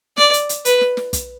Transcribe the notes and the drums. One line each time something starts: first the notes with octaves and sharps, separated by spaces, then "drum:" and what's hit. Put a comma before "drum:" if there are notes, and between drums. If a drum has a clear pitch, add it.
D5, drum: snare
drum: hi-hat
drum: hi-hat
B4, drum: hi-hat
drum: snare
drum: snare
drum: kick, hi-hat